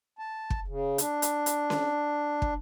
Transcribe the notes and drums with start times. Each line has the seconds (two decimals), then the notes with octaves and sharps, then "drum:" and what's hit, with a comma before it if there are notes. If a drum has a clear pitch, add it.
0.19 A5
0.50 drum: kick
0.68 C#3
0.98 D4, drum: hi-hat
1.22 drum: hi-hat
1.46 drum: hi-hat
1.70 drum: snare C#4
2.42 drum: kick